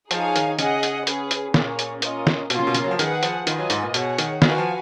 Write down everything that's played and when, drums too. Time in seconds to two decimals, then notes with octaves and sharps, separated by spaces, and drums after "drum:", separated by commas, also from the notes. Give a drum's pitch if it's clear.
0.11 F3 D#4 G#4 C#5 F5 G#5, drum: hi-hat
0.36 D#3, drum: hi-hat
0.59 C#3 G#4 D#5 F#5, drum: hi-hat
0.83 drum: hi-hat
1.07 C#4 G#4 B4, drum: hi-hat
1.31 drum: hi-hat
1.54 A#2 A#3 C#4 G#4 C#5, drum: snare
1.79 drum: hi-hat
2.02 C#4 F4 A#4 D#5, drum: hi-hat
2.27 drum: snare
2.50 B2 A#3 C#4 F4, drum: hi-hat
2.59 C#3
2.67 B2
2.74 C#3, drum: hi-hat
2.84 F#3
2.91 F3
2.99 D#3 G#4 B4 F#5, drum: hi-hat
3.23 F3, drum: hi-hat
3.47 D#3 F4 B4 D#5 G#5, drum: hi-hat
3.58 F#3
3.70 G#2, drum: hi-hat
3.83 A#2
3.94 B2 G#4 C#5 F#5, drum: hi-hat
4.18 D#3, drum: hi-hat
4.42 D#3 F#4 B4 F5 G#5, drum: snare
4.58 F3